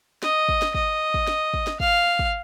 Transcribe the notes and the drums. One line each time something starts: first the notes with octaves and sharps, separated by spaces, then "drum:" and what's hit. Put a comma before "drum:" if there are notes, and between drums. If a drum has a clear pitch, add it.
D#5, drum: snare
drum: kick
drum: snare
D#5, drum: kick
drum: kick
drum: snare
drum: kick
drum: snare
F5, drum: kick
drum: kick